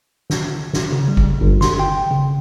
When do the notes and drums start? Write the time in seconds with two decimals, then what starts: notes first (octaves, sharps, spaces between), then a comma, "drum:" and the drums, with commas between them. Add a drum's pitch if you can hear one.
0.30 drum: snare
0.73 drum: snare
0.93 C#3
1.08 G3
1.17 drum: kick
1.41 G1
1.61 C6, drum: snare
1.80 G5
2.11 C#3